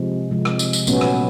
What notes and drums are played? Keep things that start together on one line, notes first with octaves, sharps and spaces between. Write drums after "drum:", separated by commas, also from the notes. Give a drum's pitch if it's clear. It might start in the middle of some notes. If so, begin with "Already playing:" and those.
Already playing: C3 F3 G#3
C3 F3 G#3
drum: rim click
drum: tambourine
drum: tambourine
A#2 F#3 A3 B3 C#4, drum: tambourine
drum: rim click